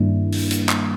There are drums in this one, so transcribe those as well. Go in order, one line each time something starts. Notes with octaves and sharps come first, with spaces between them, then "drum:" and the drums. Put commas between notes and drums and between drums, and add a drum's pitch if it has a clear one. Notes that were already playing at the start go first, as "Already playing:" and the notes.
Already playing: G2 D#3 G3 A#3 D4 E4
drum: open hi-hat
drum: hi-hat
drum: clap